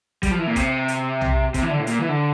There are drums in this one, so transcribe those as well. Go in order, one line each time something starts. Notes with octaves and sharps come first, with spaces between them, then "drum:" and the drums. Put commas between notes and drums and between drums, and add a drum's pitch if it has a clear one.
G3, drum: kick A1, hi-hat
F3
E3
A#2
C3, drum: kick A1, hi-hat
drum: hi-hat
drum: tom B1
C3, drum: kick A1, hi-hat
E3
D3
A2
A#2, drum: hi-hat
E3
D3